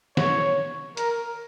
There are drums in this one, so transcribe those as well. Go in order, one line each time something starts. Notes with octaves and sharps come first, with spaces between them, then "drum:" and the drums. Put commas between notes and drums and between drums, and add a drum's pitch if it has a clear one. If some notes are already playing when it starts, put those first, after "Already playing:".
C#5, drum: snare
A#4, drum: hi-hat